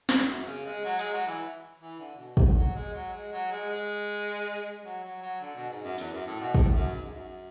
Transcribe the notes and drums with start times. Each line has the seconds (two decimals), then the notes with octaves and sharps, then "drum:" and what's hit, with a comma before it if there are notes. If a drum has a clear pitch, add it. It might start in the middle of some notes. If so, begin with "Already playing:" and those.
0.09 E2, drum: snare
0.27 F#2
0.46 C#3
0.66 G#3
0.85 F#3
0.99 G#3, drum: hi-hat
1.14 F#3
1.27 E3
1.80 E3
1.99 D3
2.17 B2
2.37 D3, drum: kick
2.56 F#3
2.75 G#3
2.93 F#3
3.13 G#3
3.32 F#3
3.51 G#3
3.70 G#3
4.84 F#3
5.03 F#3
5.22 F#3
5.41 D3
5.56 B2
5.70 G#2
5.84 F#2
5.98 E2, drum: hi-hat
6.12 F#2
6.26 A2
6.40 B2
6.55 A2, drum: kick
6.69 G#2
6.74 F#2
6.93 G#2
7.04 G#2
7.12 F#2